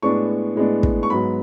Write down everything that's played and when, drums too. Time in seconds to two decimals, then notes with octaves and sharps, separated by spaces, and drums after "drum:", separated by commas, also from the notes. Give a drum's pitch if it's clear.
0.02 A2 G#3 B3 D4 C#6
0.56 A2 G#3 B3 D4
0.83 drum: kick
1.03 C#6
1.10 G#2 F#3 B3 B5